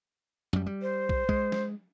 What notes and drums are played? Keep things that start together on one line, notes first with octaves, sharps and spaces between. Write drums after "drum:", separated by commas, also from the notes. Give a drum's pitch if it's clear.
F#2 G3
G3
C5
drum: kick
G#3, drum: kick
drum: snare